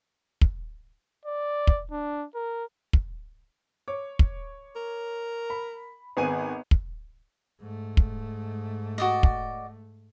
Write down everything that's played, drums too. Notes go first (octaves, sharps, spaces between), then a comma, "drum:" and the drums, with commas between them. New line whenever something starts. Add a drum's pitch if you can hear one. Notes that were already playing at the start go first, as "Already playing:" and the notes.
drum: kick
D5
drum: kick
D4
A#4
drum: kick
C#5 D6
drum: kick
A#4
B5
G#1 B3 C4 G#4 G#5 D#7
drum: kick
G#2 A3
drum: kick
F#4 D5 D#5
drum: kick